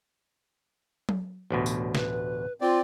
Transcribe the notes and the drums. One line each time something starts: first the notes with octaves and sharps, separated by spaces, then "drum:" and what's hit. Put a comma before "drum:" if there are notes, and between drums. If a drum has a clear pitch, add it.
drum: tom F#3
A1 D2 B2
drum: tambourine
B4, drum: snare
C4 F4 D5